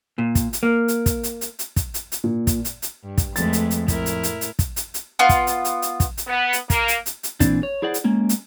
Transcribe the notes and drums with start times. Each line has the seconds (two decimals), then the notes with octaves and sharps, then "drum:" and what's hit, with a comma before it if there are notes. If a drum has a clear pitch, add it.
0.18 A#2
0.35 drum: kick, hi-hat
0.53 drum: hi-hat
0.63 A#3
0.88 drum: hi-hat
1.06 drum: kick, hi-hat
1.23 drum: hi-hat
1.41 drum: hi-hat
1.59 drum: hi-hat
1.76 drum: kick, hi-hat
1.94 drum: hi-hat
2.12 drum: hi-hat
2.24 A#2
2.47 drum: kick, hi-hat
2.65 drum: hi-hat
2.82 drum: hi-hat
3.03 G2
3.18 drum: kick, hi-hat
3.36 F2 G#3 A3 B4 A6, drum: hi-hat
3.53 drum: hi-hat
3.71 drum: hi-hat
3.88 A2 E4 A#4, drum: kick, hi-hat
4.06 drum: hi-hat
4.23 drum: hi-hat
4.41 drum: hi-hat
4.59 drum: kick, hi-hat
4.76 drum: hi-hat
4.94 drum: hi-hat
5.19 B3 F4
5.29 drum: kick, hi-hat
5.47 drum: hi-hat
5.65 drum: hi-hat
5.82 drum: hi-hat
6.00 drum: kick, hi-hat
6.18 drum: hi-hat
6.28 B3
6.53 drum: hi-hat
6.70 A#3, drum: kick, hi-hat
6.88 drum: hi-hat
7.06 drum: hi-hat
7.23 drum: hi-hat
7.40 A#2 E3 C4 D4, drum: kick, hi-hat
7.63 C#5
7.82 E4 G#4 C5 D5 F#5
7.94 drum: hi-hat
8.04 G#3 A#3 C#4
8.29 drum: hi-hat